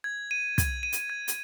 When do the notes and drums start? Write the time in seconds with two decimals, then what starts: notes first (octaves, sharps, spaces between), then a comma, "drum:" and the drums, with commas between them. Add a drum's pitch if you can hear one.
0.04 G#6
0.31 D#7
0.58 G#6, drum: kick, hi-hat
0.83 D#7
0.92 drum: hi-hat
1.10 G#6
1.28 drum: hi-hat